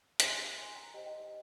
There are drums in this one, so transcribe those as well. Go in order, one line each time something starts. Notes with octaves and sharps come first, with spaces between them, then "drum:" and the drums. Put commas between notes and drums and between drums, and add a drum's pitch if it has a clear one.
G4 A#4 C#5 G#5 C6, drum: hi-hat
G#5 C6
G5 A#5
G4 C5 D#5 G5
D#5 G5
D#5